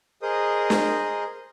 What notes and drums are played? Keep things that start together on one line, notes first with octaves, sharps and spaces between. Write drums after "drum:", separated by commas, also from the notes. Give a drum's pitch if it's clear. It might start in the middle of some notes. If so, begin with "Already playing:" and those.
G#4 A#4 C5 D#5 D#6
drum: snare